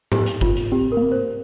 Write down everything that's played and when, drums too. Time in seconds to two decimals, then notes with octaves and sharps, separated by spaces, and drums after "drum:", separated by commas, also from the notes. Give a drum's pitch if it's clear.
0.12 G4, drum: tom G#2
0.26 drum: hi-hat
0.41 F4, drum: kick G1
0.57 drum: hi-hat
0.72 C4 G4
0.92 A#4
0.97 A#3
1.02 C4
1.12 C5